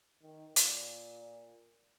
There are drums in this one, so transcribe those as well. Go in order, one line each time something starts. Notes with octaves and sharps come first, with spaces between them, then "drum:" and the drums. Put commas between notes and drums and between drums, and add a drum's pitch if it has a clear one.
D#3
A#2, drum: hi-hat